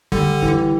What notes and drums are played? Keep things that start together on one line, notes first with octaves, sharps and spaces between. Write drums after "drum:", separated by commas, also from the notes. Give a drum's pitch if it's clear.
D3 G3, drum: kick F1
E3, drum: kick F1